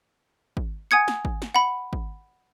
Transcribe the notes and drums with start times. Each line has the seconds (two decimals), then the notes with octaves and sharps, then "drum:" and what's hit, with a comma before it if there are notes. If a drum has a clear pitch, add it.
0.57 drum: kick
0.91 F#5 G#5 D#6 G#6 C#7
1.08 drum: snare
1.25 drum: kick
1.42 drum: snare
1.55 F#5 B5
1.93 drum: kick